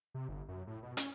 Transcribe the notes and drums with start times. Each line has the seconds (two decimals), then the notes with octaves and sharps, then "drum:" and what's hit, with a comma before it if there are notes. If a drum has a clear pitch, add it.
0.14 C3
0.29 G1
0.48 F#2
0.67 A2
0.83 B2
0.97 C#4, drum: hi-hat